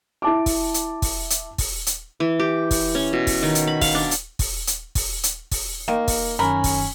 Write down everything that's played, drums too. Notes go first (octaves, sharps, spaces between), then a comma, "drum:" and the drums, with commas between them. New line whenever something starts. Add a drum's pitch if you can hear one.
E4 A5 D6
drum: kick, open hi-hat
drum: hi-hat
drum: kick, open hi-hat
drum: hi-hat
drum: kick, open hi-hat
drum: hi-hat
E3
G4
drum: kick, open hi-hat
C#4
B2
drum: kick, open hi-hat
D#3
drum: hi-hat
B5
F5, drum: kick, open hi-hat
D4
drum: hi-hat
drum: kick, open hi-hat
drum: hi-hat
drum: kick, open hi-hat
drum: hi-hat
drum: kick, open hi-hat
D#3 A#3
drum: kick, open hi-hat
F#2 D#3 C#4 A#4 B5
drum: kick, open hi-hat